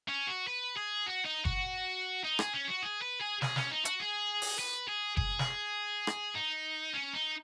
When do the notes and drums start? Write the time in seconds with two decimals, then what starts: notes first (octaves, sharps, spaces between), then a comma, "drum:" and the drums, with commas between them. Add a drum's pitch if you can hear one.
0.08 C#4
0.27 F#4
0.48 B4
0.77 G#4
1.06 F#4
1.25 D#4
1.45 F#4, drum: kick F#1
2.24 D#4
2.39 G#4, drum: rim click
2.53 C#4
2.68 F#4
2.83 G#4
3.02 B4
3.22 G#4
3.42 G#4, drum: snare
3.56 C#4, drum: snare
3.71 D#4
3.85 F#4, drum: hi-hat
4.00 G#4
4.42 drum: open hi-hat
4.59 B4
4.88 G#4
5.17 G#4, drum: kick F#1
5.39 drum: snare
6.07 drum: rim click
6.35 D#4
6.94 C#4
7.14 D#4